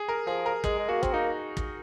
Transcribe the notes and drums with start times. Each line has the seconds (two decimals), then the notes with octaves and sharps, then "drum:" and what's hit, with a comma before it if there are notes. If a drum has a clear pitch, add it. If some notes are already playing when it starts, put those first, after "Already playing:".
Already playing: G#4
0.08 A#4
0.27 F3 G#4
0.46 A#4
0.64 G#3 G#4, drum: kick
0.79 G#3
0.89 A#3 F#4
1.03 C4, drum: kick
1.13 A#3 D#4
1.57 drum: kick